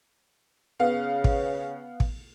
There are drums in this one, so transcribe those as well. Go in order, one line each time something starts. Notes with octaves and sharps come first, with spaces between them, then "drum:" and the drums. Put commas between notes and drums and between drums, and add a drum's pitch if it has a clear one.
C#3 B3 F5
drum: kick
drum: kick